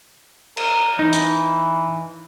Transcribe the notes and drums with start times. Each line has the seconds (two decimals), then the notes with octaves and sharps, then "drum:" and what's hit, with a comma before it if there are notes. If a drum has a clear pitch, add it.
0.57 A#4, drum: cymbal
0.99 E3 D#4
1.13 drum: hi-hat